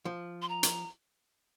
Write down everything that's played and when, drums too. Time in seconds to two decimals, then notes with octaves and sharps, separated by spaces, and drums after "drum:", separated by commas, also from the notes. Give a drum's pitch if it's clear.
0.05 F3
0.42 C6
0.49 A#5
0.63 drum: hi-hat